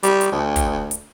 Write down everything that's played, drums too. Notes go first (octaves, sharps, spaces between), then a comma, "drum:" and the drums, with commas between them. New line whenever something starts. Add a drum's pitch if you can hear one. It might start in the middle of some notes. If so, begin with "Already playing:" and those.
G3, drum: hi-hat
drum: hi-hat
D2
drum: kick, hi-hat
drum: hi-hat